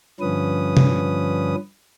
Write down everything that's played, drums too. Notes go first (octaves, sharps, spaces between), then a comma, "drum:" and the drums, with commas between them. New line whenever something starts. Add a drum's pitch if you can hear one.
G2 D3 F3 C#4 B4 D#6
drum: tom